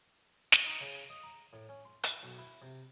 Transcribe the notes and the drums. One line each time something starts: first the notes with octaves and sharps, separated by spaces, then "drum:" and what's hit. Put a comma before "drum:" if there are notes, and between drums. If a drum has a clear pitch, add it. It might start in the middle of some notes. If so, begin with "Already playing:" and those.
drum: snare
D#4
C#3
D#5
A#5
A2
C#4
C6
E4, drum: hi-hat
B1
E4
C3